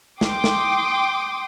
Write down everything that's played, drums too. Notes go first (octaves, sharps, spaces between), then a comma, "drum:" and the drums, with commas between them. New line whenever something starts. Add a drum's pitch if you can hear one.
G5 C6 D6 D#6, drum: snare
drum: snare